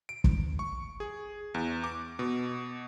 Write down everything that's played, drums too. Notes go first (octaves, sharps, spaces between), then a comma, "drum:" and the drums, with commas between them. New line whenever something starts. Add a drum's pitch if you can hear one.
D7
drum: kick
C#6
G#4
E2
D6
B2